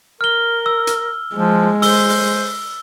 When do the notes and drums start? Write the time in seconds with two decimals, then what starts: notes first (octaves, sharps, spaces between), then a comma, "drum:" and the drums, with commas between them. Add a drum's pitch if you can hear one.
0.21 A#4 F6 G7
0.66 E6
0.87 drum: hi-hat
1.36 F3 G#3
1.82 C5 E6 G7, drum: open hi-hat
2.09 drum: open hi-hat